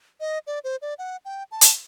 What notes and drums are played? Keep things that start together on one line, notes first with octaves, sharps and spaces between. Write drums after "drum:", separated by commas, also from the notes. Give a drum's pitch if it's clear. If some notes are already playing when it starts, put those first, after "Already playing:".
D#5
D5
C5
D5
F#5
G5
A5
drum: hi-hat